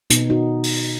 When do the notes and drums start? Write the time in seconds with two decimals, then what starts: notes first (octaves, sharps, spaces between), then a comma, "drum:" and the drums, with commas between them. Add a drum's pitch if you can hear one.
0.10 B2 B3 D#4, drum: hi-hat
0.30 D#4 F#4
0.63 drum: open hi-hat